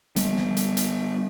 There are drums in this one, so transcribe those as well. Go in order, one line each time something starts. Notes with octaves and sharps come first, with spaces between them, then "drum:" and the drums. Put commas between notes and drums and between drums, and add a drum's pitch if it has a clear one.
G3 B3, drum: hi-hat
drum: snare
drum: hi-hat
drum: hi-hat